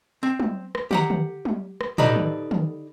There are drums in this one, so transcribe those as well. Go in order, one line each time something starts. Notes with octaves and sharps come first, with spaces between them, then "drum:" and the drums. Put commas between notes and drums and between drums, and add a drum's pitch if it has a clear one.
C4
drum: tom
drum: rim click
G4 F#5 A#5, drum: tom
drum: tom
drum: tom
drum: rim click
D#4 G4 A4 B4 D5 D#5, drum: tom
drum: tom
drum: tom